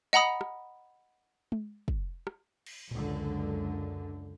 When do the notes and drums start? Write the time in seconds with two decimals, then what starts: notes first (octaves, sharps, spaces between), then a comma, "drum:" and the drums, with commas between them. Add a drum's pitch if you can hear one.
0.13 D#5 F#5 A#5 B5 D#6
0.41 drum: rim click
1.52 drum: tom G#3
1.88 drum: kick
2.27 drum: rim click
2.66 drum: cymbal
2.91 C#2 F#2 D3, drum: tom A2